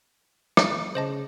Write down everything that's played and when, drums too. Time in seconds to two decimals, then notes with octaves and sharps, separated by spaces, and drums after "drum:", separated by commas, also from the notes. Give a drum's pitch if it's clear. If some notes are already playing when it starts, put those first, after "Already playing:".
0.57 drum: rim click
0.95 C#3 C5 D#5 A5